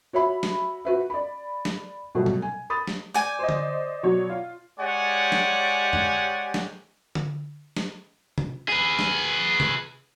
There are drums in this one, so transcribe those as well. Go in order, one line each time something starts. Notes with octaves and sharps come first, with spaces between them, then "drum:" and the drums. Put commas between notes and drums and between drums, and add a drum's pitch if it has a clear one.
F#4 C#5 E5 B5
drum: snare
F#4 B4 E5
D5 B5
drum: snare
B2 F#3 G3 A3
drum: tom C3
G#5
B5 D#6 A6
drum: snare
D5 G#5 G6
C5 D#5
drum: tom D3
B2 F#3 C#5
F4
G#3 G4 C#5 D5 F#5 G#5
drum: snare
drum: tom F2
drum: snare
drum: tom D3
drum: snare
drum: tom C3
G#4 B4
drum: snare
drum: tom C3